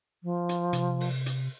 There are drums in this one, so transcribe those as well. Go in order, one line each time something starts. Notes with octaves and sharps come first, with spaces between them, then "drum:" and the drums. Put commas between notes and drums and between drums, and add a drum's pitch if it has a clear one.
F3
drum: hi-hat
C3, drum: hi-hat
drum: open hi-hat
drum: hi-hat